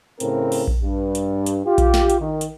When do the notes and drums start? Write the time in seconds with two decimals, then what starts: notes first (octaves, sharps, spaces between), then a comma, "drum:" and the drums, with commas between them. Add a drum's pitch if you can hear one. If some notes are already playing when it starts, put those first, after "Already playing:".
0.20 A2 C#3 C4 A#4, drum: hi-hat
0.52 drum: open hi-hat
0.68 drum: kick A#1
0.83 G2
1.15 drum: hi-hat
1.46 drum: hi-hat
1.66 F4 G4
1.78 drum: kick A#1, hi-hat
1.94 drum: snare
2.10 drum: hi-hat
2.20 D#3
2.41 drum: hi-hat